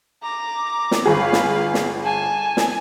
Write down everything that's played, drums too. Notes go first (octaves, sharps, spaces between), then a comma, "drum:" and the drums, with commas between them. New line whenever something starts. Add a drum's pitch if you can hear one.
A#5 D6
drum: snare
G1 G#4 B4 F5
drum: snare
drum: snare
G#5 A5
drum: snare